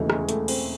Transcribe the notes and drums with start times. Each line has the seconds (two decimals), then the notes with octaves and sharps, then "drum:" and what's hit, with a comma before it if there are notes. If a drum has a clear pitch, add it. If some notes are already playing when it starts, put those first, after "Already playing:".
Already playing: E1 D#2 C#3 E3 A3 D#4
0.10 G#3, drum: rim click
0.29 A3, drum: hi-hat
0.48 C4, drum: cymbal